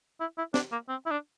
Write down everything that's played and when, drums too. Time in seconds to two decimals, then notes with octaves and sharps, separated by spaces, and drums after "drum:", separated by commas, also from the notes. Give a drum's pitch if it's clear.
0.20 E4
0.38 E4
0.54 D4, drum: snare
0.72 A#3
0.89 C4
1.06 E4
1.11 D4